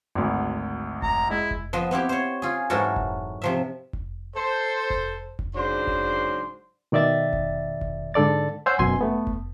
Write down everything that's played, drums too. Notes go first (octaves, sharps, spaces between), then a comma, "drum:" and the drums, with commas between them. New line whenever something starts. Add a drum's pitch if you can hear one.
G#1 D2
A#5, drum: kick F1
G#3 E4 D#5
drum: kick F1
F3 B3 D#5
B3 C4 E4 G4
C5 C#5
F4 G#4
G#2 E3 F#3 F#4 A4 A#4
drum: kick F1
C3 F3 E5
drum: kick F1
A4 C5
drum: kick F1
drum: kick F1
G#2 C#3 F#3 D4 C5 C6
drum: kick F1
B2 D#3 D5 E5 A6
drum: kick F1
drum: kick F1
G#2 D3 A4 D5 A6
C5 C#5 F#5 G#5 E6 G6
F#2 B2 G#5 C6, drum: kick F1
A3 B3
drum: kick F1